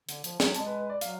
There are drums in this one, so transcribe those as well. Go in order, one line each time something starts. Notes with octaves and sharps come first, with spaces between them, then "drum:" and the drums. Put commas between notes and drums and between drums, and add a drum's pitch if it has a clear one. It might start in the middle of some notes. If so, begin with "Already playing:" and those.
D3, drum: hi-hat
F3, drum: hi-hat
F#3, drum: snare
G#3 A5, drum: hi-hat
B4
B4
D5
F#3 F5, drum: hi-hat